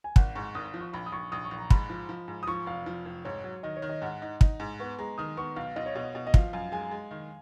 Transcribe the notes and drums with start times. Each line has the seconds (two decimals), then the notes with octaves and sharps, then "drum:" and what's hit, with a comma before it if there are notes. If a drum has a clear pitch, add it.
0.04 G#5
0.16 G#1 F#5, drum: kick
0.35 G#2 C#6
0.55 G#1 D#6
0.74 F3
0.80 C#6
0.93 A#1 B5
1.06 D#6
1.12 A#1 C#6
1.32 A#1 D#6
1.45 C#6
1.51 A#1
1.58 A#5
1.70 G#2 B5, drum: kick
1.89 F3
2.09 F3
2.28 G#2
2.43 D#6
2.47 F3 C#6
2.66 F1 F5
2.86 F3
3.05 F1
3.25 G#2 C#5
3.44 F#3
3.63 D#3 D#5
3.77 C#5
3.82 D#3
3.89 D#5
4.02 G#2 F#5
4.22 D#4
4.41 D#4, drum: kick
4.60 G#2
4.79 B3 C#6
4.99 G#3 A#5
5.18 D#3 D#6
5.37 B3 C#6
5.56 B1 F5
5.76 B1 D#5
5.86 C#5
5.95 B2 D#5
6.15 B2
6.27 D#5
6.34 F3 F5, drum: kick
6.53 F#2 F5
6.72 G#3 G#5
6.91 G#3
7.11 D#3